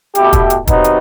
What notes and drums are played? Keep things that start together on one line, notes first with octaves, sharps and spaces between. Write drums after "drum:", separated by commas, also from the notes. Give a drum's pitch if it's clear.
B2 A3 E4 G4, drum: hi-hat
drum: kick, hi-hat
drum: hi-hat
C3 F#3 B3 D#4, drum: kick, hi-hat
drum: hi-hat